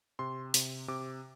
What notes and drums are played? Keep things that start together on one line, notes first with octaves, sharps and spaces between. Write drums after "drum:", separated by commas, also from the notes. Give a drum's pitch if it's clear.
C3 C6
C3, drum: open hi-hat
C3 D6